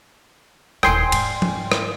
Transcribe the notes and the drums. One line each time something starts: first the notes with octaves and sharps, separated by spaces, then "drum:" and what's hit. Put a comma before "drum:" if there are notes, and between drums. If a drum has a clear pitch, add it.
D#1 D#3 G5 G#5 C6, drum: rim click
G#2, drum: cymbal
drum: tom F3
drum: rim click